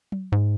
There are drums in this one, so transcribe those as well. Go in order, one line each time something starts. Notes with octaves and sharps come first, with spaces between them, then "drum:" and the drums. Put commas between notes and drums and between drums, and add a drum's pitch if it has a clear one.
drum: tom F#3
G#2